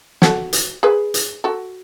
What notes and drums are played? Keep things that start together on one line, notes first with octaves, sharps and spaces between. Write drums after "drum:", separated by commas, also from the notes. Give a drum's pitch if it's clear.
F#4 A4, drum: snare
drum: hi-hat
G#4 B4
drum: hi-hat
F#4 A4